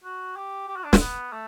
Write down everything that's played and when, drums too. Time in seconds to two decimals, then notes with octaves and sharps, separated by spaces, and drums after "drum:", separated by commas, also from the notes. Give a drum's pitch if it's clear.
0.04 F#4
0.36 G4
0.68 G4
0.76 F#4
0.84 D4
0.93 C4, drum: snare
1.00 B3
1.33 A3